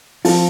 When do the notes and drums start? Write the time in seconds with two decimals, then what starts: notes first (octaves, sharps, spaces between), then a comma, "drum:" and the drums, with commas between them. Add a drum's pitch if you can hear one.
0.25 F3 C4 F4 A4, drum: open hi-hat